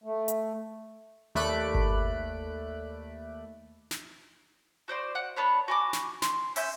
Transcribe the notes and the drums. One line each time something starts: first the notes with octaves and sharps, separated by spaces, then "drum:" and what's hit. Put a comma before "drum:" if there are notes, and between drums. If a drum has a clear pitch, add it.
A3
drum: hi-hat
D#2 A3 D5 B5 F#6 D7
drum: kick G1
drum: snare
F#4 C5 D5 C6
F#5
B3 D4 C#5
F#4 G#5 D6
drum: snare
C6, drum: snare
C#4 E5 C6 G6, drum: open hi-hat